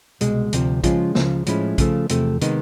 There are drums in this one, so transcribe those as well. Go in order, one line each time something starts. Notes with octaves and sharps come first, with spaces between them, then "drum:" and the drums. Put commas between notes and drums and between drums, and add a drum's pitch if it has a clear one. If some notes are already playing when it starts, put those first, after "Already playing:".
C2 B2 G#3, drum: hi-hat
D2 C3 F3, drum: hi-hat
C#3 F3 G#3 C#4 F4, drum: kick A#1, hi-hat
C#2 C#3 F3, drum: snare
A2 F3 G#3 C#4 E4, drum: hi-hat
C#3 F3 A3, drum: kick A#1, hi-hat
E2 C3 F3 A3, drum: hi-hat
C3 D#3 G#3 B3, drum: hi-hat